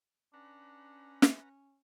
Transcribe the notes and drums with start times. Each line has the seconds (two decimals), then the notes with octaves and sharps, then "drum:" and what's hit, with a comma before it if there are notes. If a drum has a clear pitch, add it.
0.34 C#4 D4 B4 F#5 A#5
1.22 drum: snare